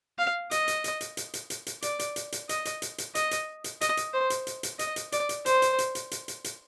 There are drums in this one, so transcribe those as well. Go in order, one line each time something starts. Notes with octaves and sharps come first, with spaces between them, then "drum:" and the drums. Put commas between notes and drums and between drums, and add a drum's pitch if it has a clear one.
F5
D#5, drum: hi-hat
drum: hi-hat
drum: hi-hat
drum: hi-hat
drum: hi-hat
drum: hi-hat
drum: hi-hat
drum: hi-hat
D5, drum: hi-hat
drum: hi-hat
drum: hi-hat
drum: hi-hat
D#5, drum: hi-hat
drum: hi-hat
drum: hi-hat
drum: hi-hat
D#5, drum: hi-hat
drum: hi-hat
drum: hi-hat
D#5, drum: hi-hat
drum: hi-hat
C5
drum: hi-hat
drum: hi-hat
drum: hi-hat
D#5, drum: hi-hat
drum: hi-hat
D5, drum: hi-hat
drum: hi-hat
C5, drum: hi-hat
drum: hi-hat
drum: hi-hat
drum: hi-hat
drum: hi-hat
drum: hi-hat
drum: hi-hat